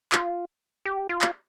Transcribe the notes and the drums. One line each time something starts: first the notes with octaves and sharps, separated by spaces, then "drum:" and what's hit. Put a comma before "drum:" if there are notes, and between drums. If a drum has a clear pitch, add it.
F4, drum: clap
G4
F4
drum: clap